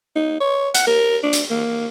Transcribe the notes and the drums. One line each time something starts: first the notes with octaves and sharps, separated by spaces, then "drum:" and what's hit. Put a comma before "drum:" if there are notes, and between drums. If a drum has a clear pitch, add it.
D#4
C#5
F#5, drum: hi-hat
A#4
D4
drum: hi-hat
A#3